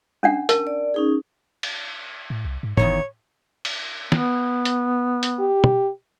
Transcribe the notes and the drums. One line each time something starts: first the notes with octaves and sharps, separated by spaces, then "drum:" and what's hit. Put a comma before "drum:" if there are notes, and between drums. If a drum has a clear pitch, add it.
C#4 D4 F#5
A#4 A5, drum: hi-hat
D5
C#4 D#4 G#4
drum: cymbal
A2
C2
G#2
G1 E2 G#2 D#3 C#5, drum: tom
drum: cymbal
B3, drum: snare
drum: hi-hat
drum: hi-hat
G4
drum: tom